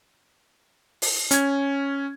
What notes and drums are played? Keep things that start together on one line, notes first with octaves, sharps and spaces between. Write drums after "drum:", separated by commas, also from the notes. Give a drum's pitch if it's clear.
drum: open hi-hat
C#4 G#6, drum: hi-hat